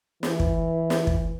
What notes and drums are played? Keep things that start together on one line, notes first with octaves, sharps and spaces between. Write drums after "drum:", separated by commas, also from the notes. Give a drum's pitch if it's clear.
E3, drum: snare
drum: kick
drum: snare
drum: kick